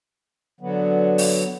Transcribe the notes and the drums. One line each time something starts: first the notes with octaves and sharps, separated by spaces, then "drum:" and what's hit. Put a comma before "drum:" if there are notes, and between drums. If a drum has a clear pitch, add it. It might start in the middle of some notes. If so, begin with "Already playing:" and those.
D3 F#3 B3
drum: open hi-hat